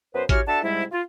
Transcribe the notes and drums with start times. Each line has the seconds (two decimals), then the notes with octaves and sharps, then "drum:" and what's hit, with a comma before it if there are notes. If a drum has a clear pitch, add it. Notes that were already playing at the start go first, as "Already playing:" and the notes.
0.14 F#2 B3 B4 C5
0.29 C#4 E4 F#4 G4 C#5 F6, drum: kick A1, hi-hat
0.47 D4 F#4 A4 E5 A5
0.62 G#2 C3 G3 G#3 E4
0.91 F4